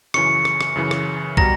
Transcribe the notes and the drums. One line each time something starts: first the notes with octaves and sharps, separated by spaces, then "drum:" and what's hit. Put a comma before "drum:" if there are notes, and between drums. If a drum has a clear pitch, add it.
F#2 C#3 E3 C#6 C#7, drum: rim click
drum: rim click
drum: rim click
F#2 C#3 E3
drum: rim click
B2 G3 A#5 A#6, drum: kick